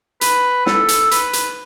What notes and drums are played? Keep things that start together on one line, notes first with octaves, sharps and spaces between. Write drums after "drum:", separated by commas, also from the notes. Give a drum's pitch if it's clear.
B4, drum: hi-hat
A4, drum: snare
drum: hi-hat
B4, drum: hi-hat
drum: hi-hat